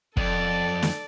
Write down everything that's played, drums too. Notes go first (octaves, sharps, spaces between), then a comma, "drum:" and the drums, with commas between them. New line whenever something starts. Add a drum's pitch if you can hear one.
F2 A4 D5, drum: kick
drum: snare